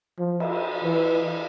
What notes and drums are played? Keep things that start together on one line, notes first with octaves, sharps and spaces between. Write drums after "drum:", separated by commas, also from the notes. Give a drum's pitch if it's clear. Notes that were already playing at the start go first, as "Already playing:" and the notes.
F3
drum: cymbal
E3